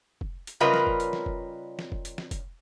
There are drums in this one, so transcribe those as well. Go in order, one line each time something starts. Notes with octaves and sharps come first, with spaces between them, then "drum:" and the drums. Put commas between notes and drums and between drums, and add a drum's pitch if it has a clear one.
drum: kick F1
drum: hi-hat
C#3 G3 F4 A#4 B4 D#5
drum: snare
drum: kick F1
drum: hi-hat
drum: snare
drum: kick F1
drum: snare
drum: kick F1
drum: hi-hat
drum: snare
drum: kick F1, hi-hat